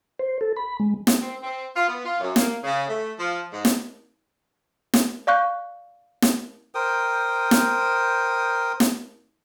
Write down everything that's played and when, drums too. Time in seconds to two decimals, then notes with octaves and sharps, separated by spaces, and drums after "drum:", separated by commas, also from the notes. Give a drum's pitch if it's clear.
0.19 C5
0.41 A4
0.57 B5
0.80 G#3
1.07 drum: snare
1.21 C4
1.41 C4
1.74 F4
1.88 B3
2.04 F4
2.20 F#2
2.36 A#3, drum: snare
2.63 C#3
2.88 A3
3.17 F3
3.52 G#2
3.65 drum: snare
4.94 drum: snare
5.27 D5 F5 C#6 F#6 G6
6.22 drum: snare
6.75 A#4 C5 G5 D#6
7.51 drum: snare
8.80 drum: snare